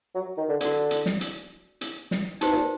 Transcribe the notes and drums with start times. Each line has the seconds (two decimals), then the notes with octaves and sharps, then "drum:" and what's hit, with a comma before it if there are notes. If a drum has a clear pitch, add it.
0.15 F#3
0.37 D#3
0.49 D3
0.60 D3 F#4 A#4 D5, drum: hi-hat
0.91 drum: hi-hat
1.06 drum: snare
1.21 drum: hi-hat
1.81 drum: hi-hat
2.11 drum: snare
2.41 B2 D#4 G4 C5, drum: hi-hat
2.51 B2
2.56 A#2